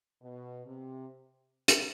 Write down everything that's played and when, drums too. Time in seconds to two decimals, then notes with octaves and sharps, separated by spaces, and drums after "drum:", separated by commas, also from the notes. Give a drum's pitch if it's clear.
0.22 B2
0.66 C3
1.68 drum: hi-hat